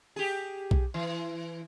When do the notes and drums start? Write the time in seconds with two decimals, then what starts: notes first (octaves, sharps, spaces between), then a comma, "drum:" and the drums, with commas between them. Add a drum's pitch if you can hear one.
0.16 G4 G#4
0.71 drum: kick B1
0.94 E3